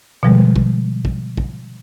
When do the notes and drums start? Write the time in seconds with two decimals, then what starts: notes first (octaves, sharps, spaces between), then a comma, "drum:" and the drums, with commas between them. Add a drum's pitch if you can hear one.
0.23 B2 D3 F3 G3 G#3
0.56 drum: kick
1.05 drum: kick
1.37 drum: kick